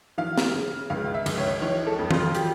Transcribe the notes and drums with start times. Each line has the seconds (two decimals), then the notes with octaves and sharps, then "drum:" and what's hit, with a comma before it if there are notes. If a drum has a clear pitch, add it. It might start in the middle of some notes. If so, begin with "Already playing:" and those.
0.18 E3 F5
0.38 drum: snare
0.54 C#3
0.90 C#2 F5
1.14 E5
1.26 C#2, drum: cymbal
1.38 C#5
1.62 E3 C#5
1.87 A4
1.99 F2
2.11 F4, drum: tom
2.35 G4, drum: hi-hat